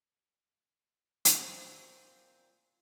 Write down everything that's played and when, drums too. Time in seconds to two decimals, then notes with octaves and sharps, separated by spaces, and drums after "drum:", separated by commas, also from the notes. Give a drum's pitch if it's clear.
1.25 A#2 C4, drum: hi-hat